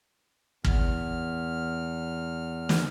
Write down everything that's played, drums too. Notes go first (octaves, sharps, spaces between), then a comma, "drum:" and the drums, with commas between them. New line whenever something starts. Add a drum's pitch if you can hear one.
E2 F6, drum: kick
drum: snare